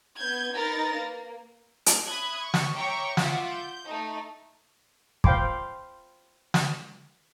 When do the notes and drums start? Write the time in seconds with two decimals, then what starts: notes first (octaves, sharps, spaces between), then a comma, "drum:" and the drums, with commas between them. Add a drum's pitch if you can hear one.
0.18 B3 G6 G#6
0.54 D#4 A#4 B4 A6 A#6
0.95 A#3
1.86 drum: hi-hat
2.06 E5 B5 D#6 F#6 G#6
2.43 C#6
2.54 drum: snare
2.74 C#5 E5 G5 A#5 C#6 D6
3.17 F4 E5 F#5 D6 B6, drum: snare
3.52 G6
3.85 A3 D#4
5.24 C5 F5 G5 B5 C6 D6, drum: kick
6.54 drum: snare